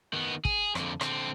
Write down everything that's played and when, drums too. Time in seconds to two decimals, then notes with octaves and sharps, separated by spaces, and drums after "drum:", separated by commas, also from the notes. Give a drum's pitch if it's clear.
0.13 D#3 B3
0.45 G#4, drum: kick
0.75 F2 D3, drum: rim click
1.01 D3 C4, drum: rim click